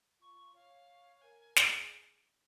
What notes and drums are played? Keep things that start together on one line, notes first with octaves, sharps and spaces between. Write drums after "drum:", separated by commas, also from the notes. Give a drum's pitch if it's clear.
F4 C#6
C#5 F5
F5
A#4 G#5
G#5
G#4 A#5, drum: snare
D#6